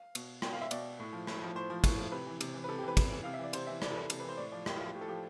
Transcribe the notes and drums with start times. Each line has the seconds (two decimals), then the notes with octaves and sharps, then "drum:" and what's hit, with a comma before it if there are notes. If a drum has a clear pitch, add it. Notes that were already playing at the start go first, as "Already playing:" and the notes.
Already playing: F5
0.15 B2, drum: cymbal
0.42 B2 G5, drum: rim click
0.53 F5
0.61 E5
0.71 B2 D5, drum: cymbal
0.99 A2
1.13 F3
1.27 A2, drum: rim click
1.42 F3
1.55 A2 C5
1.70 F3
1.84 A2, drum: kick, cymbal
1.98 F3
2.12 C3 B4
2.27 E3
2.41 C3, drum: cymbal
2.54 E3
2.64 B4
2.69 C3 A4
2.78 G4
2.83 E3 B4
2.97 C3, drum: kick, cymbal
3.12 E3
3.23 C3 F5
3.34 E5
3.39 E3 D5
3.53 C3 C5, drum: cymbal
3.67 E3 E5
3.82 C3 D5, drum: rim click
3.91 A4
3.96 E3 B4
4.10 C3 A4, drum: cymbal
4.20 B4
4.24 E3 C5
4.38 A2 D5
4.52 F3 D5
4.66 A2 G4, drum: rim click
4.76 F4
4.81 F3 G4
4.94 A2 G4
5.01 A4
5.08 F3 G4